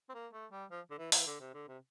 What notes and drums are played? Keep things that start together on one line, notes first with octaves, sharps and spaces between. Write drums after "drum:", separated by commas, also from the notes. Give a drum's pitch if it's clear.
C4
A#3
A3
G3
F3
D3
E3
E3, drum: open hi-hat
D3
C3
D3
C3